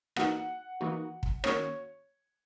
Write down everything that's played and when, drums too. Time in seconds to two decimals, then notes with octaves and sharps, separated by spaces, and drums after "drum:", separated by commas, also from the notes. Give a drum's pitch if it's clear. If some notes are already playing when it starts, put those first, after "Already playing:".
0.16 E3 A#3 D#4 F#4 F#5, drum: rim click
0.81 E3 A#3 D#4 F#4
1.23 drum: kick
1.44 D#3 A#3 C#4 F#4 C#5, drum: rim click